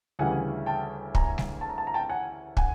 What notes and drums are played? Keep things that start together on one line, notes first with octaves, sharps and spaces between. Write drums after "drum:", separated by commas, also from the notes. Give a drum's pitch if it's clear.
D2 C#3 E3 G3 F#5 G#5
G5 A5
G#5 A#5, drum: kick
drum: snare G3
A5
A#5
A5
A#5
G5 A5
F#5 G#5
F#5 G#5, drum: kick